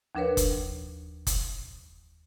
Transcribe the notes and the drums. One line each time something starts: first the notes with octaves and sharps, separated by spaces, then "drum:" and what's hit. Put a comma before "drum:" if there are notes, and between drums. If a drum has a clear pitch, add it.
D#2 F3 D4 A#4 B4 C#5
drum: kick F1, hi-hat
drum: kick F1, hi-hat